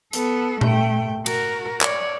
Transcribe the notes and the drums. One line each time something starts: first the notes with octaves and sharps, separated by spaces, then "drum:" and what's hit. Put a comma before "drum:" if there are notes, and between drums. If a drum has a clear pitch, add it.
B3 A4, drum: hi-hat
A3 G5, drum: tom A#2
F#4 A#4, drum: cymbal
C#5 D5, drum: clap